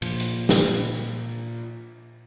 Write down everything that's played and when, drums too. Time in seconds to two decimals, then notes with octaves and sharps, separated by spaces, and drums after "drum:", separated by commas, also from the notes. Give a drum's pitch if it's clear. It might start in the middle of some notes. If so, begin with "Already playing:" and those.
0.02 A#2 F3, drum: cymbal
0.20 drum: hi-hat
0.49 drum: snare